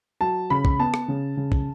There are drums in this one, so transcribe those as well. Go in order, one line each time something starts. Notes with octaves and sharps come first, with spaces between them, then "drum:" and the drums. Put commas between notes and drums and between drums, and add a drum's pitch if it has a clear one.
F#3 A5
C#3 B5
drum: kick
B3 A5
drum: rim click
C#3
C#3
drum: kick